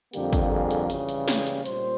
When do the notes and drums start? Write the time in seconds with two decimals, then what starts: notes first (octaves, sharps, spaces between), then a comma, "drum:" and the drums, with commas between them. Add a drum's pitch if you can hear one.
0.13 F2 D3 G3 A#3 G4, drum: hi-hat
0.33 drum: kick, hi-hat
0.51 G#4
0.71 drum: hi-hat
0.90 C#3 E3 G3, drum: hi-hat
1.09 drum: hi-hat
1.28 drum: snare
1.47 drum: hi-hat
1.65 A#2 G3 C5, drum: hi-hat